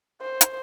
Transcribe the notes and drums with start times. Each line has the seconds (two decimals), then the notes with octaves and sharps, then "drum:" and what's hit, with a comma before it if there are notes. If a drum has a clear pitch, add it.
0.21 C5
0.41 drum: hi-hat